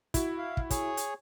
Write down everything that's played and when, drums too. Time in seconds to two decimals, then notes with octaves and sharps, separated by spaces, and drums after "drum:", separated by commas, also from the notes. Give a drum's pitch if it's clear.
0.14 E4 F#4, drum: kick, hi-hat
0.38 F5
0.57 drum: kick
0.70 G#4 C#5, drum: kick, hi-hat
0.97 drum: hi-hat